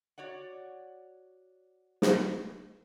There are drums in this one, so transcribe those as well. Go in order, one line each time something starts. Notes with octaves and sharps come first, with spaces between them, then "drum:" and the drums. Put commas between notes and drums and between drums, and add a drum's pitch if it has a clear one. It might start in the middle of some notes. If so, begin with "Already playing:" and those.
F#4 C#5 D5 F#5
drum: snare